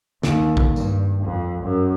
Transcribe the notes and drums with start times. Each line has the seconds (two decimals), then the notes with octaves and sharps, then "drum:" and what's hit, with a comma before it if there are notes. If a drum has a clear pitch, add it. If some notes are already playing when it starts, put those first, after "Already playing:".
0.23 D#2, drum: snare
0.57 drum: kick
0.76 G2, drum: tambourine
1.23 F2
1.64 F#2